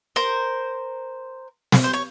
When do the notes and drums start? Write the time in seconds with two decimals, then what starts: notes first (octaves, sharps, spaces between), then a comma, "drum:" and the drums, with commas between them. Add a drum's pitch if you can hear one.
0.16 A#4 C5
1.72 drum: snare
1.84 C5
1.93 C#5